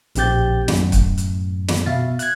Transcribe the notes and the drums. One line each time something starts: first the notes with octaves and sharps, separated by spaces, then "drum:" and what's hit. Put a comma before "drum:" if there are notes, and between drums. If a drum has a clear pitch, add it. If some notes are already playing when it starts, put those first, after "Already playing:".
A#1 A2 C4 G4 G6 A6, drum: hi-hat
F#2 A2, drum: snare
drum: kick, hi-hat
drum: hi-hat
drum: snare
B2 E5 F5 A6
F#6 G#6, drum: hi-hat